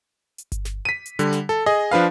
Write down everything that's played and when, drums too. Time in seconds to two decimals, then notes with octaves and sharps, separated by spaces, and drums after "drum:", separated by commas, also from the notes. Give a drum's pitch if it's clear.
0.38 drum: hi-hat
0.52 drum: kick G1, hi-hat
0.65 drum: snare
0.85 B6 D#7
1.06 drum: hi-hat
1.19 D3 G3, drum: hi-hat
1.32 drum: snare
1.49 A4
1.66 G#4 D#5
1.91 F3 D4 B4 F5